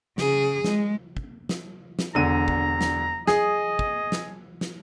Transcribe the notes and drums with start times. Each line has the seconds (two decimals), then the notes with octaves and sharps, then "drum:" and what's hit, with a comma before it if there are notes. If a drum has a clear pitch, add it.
0.18 C#3 G#4, drum: snare
0.64 G#3, drum: snare
1.17 drum: kick
1.49 drum: snare
1.99 drum: snare
2.15 E1 D3 A#5 D#7
2.48 drum: kick
2.81 drum: snare
3.27 G#4 D#5, drum: snare
3.79 drum: kick
4.12 drum: snare
4.61 drum: snare